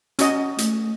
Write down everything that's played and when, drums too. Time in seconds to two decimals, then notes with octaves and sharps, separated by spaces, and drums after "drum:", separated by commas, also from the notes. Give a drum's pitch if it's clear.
0.19 C#4 F#4 D#5, drum: hi-hat
0.58 A3, drum: hi-hat